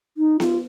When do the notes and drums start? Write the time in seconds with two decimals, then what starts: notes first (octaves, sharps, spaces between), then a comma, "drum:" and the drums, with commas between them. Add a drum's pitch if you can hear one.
0.18 D#4
0.40 F4, drum: snare B3